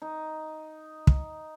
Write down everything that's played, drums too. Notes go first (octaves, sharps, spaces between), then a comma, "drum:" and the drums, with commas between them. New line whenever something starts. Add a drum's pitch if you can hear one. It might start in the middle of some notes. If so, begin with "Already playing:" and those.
D#4
drum: kick